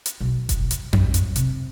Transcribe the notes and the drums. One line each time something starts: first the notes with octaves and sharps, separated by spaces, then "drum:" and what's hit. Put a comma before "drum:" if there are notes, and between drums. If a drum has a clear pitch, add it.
drum: hi-hat
B1
drum: kick F1, hi-hat
drum: hi-hat
F#3, drum: tom F2
drum: hi-hat
C3, drum: hi-hat